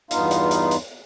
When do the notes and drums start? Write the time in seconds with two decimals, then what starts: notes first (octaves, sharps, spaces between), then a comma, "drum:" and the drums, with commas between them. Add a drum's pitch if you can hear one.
0.11 E2 G2 B3 D#4 F4 F5, drum: hi-hat
0.31 drum: hi-hat
0.51 drum: hi-hat
0.71 drum: hi-hat